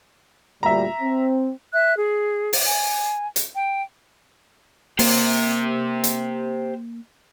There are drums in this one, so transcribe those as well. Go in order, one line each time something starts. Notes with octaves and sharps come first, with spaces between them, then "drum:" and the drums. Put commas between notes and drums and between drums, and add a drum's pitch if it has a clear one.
D2 A#2 G3 E5 A#5
C4
E5 F#6
G#4
drum: open hi-hat
G#5
drum: hi-hat
G5
A#3 G4 C5, drum: open hi-hat
drum: hi-hat